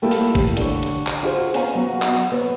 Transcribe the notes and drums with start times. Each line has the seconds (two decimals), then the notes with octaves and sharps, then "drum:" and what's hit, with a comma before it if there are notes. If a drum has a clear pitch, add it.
0.02 G3 A3 A#3 E4 F4 G4
0.11 drum: open hi-hat
0.35 drum: kick, hi-hat
0.57 D3 C#5, drum: hi-hat
0.83 drum: hi-hat
1.07 drum: clap
1.23 F4 F#4 G#4 C5
1.54 B3 C#4 C#5 F5 G#5 A#5, drum: open hi-hat
1.75 F#3 B3 F#4
2.02 drum: clap
2.32 B3 C#5